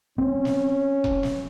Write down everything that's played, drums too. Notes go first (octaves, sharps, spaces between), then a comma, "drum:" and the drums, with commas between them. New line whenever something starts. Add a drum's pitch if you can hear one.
C4 C#4
drum: snare
drum: kick E1
drum: snare